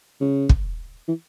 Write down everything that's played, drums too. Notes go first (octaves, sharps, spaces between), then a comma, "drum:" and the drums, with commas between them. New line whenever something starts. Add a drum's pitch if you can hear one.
C#3
drum: kick
E3